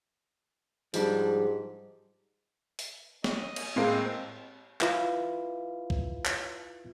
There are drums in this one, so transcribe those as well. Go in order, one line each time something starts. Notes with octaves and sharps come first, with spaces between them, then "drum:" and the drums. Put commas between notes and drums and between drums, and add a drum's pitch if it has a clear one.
G#2 F3 G3 D4, drum: open hi-hat
drum: open hi-hat
D#5, drum: snare
drum: cymbal
A2 G#3 A#3 C4
E4 F4 B4 E5 F5, drum: clap
drum: kick C2
drum: clap